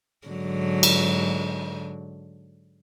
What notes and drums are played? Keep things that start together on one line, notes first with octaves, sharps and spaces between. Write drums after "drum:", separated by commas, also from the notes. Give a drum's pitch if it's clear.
G#2 D3 F#3
drum: cymbal